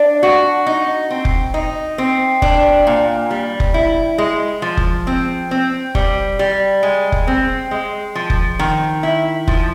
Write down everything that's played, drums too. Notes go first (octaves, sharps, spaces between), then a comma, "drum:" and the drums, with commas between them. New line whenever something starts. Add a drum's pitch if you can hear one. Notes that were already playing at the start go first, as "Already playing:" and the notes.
Already playing: D4
F#4
D#4
C4
drum: kick F1
D#4
C4
D4, drum: kick F1
A#2
G3
drum: kick F1
E4
G#3
F3
drum: kick F1
C4
C4
G3, drum: kick F1
G3
G#3
drum: kick F1
C4
G#3
F3
drum: kick F1
D#3
E4
F3, drum: kick F1